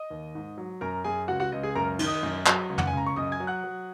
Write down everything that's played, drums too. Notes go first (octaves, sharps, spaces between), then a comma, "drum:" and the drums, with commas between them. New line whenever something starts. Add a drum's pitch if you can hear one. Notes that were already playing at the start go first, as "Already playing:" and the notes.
Already playing: D#5 D#6
D#2
G#2
F#3
F#2 A#4 A#5
F#2 G#4 G#5
C#2 F#4 F#5
F#4 F#5
C#2 D#5
G#4 G#5
F#2 A#4 A#5
D#3, drum: cymbal
D#5 D#6
F#2
F#3, drum: clap
C#2
F#5, drum: tom
G#5
C#3 A#5
C#6
F#2 D#5 D#6
G#5 G#6
F#3
F#5 F#6
F#3